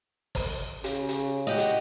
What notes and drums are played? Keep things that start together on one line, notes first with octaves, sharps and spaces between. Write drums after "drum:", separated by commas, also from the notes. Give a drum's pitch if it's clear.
drum: kick, open hi-hat
C#3, drum: hi-hat
drum: hi-hat
F#4 G4 D#5
drum: hi-hat